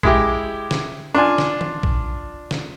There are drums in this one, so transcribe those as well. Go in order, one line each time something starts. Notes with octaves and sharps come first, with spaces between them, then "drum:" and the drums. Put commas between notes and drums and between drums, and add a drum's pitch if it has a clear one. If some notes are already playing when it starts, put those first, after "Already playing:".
G#3 E4 G4, drum: kick A#1
drum: snare
D4 F4 G#5
drum: snare
drum: tom D#3
drum: kick A#1
drum: snare